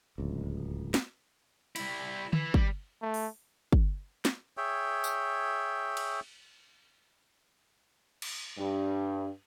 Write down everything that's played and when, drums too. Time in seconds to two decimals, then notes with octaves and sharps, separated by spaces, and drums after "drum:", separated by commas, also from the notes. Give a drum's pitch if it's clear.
0.18 D1 C#2
0.94 drum: snare
1.76 G3 E4, drum: cymbal
2.33 E3, drum: tom D3
2.54 G3, drum: kick
3.02 A3
3.14 drum: open hi-hat
3.72 drum: kick
4.25 drum: snare
4.57 G#4 C#5 E5 G5
5.04 drum: tambourine
5.97 drum: cymbal
8.22 drum: cymbal
8.58 G2